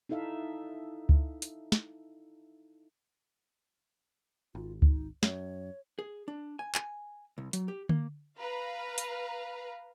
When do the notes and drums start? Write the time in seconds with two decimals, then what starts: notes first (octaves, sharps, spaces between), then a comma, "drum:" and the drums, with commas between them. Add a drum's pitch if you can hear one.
0.09 D#4 E4 A4 E5 F5
1.09 drum: kick C#2
1.42 drum: hi-hat
1.72 drum: snare
4.55 G#1 F4
4.82 D#4, drum: kick C#2
5.23 F#2 C#5, drum: snare
5.99 G#4
6.28 D4
6.59 G#5
6.75 G#5, drum: clap
7.38 C2
7.53 F#3, drum: hi-hat
7.68 G4
7.89 A#3, drum: tom D3
8.38 B4 F5 A#5
8.98 drum: hi-hat